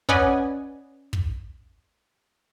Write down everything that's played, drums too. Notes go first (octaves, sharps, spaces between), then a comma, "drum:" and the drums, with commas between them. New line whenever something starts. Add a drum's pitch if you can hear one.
C#4 B4 D5 D#5 F#5 G#5, drum: kick
drum: kick